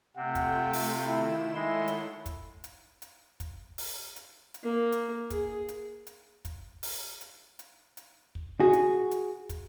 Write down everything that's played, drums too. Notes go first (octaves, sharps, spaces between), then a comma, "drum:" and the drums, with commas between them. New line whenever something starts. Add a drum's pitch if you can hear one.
C3 A3 C4 F4 F#5 G5
drum: kick, hi-hat
drum: open hi-hat
D#3 E4 E7
G#3 E4 A4 C#5 F#5 C6
drum: hi-hat
drum: kick, hi-hat
drum: hi-hat
drum: hi-hat
drum: kick, hi-hat
drum: open hi-hat
drum: hi-hat
drum: hi-hat
A#3
drum: hi-hat
G#4, drum: kick, hi-hat
drum: hi-hat
drum: hi-hat
drum: kick, hi-hat
drum: open hi-hat
drum: hi-hat
drum: hi-hat
drum: hi-hat
drum: kick
F#4 G#4
drum: hi-hat
drum: hi-hat
drum: kick, hi-hat